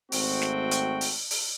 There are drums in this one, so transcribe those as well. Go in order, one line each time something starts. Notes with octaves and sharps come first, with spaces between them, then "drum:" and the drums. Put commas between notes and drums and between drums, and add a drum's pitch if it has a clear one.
G#1 A3 C4 F#4 G5, drum: open hi-hat
drum: snare
drum: hi-hat
drum: open hi-hat
drum: open hi-hat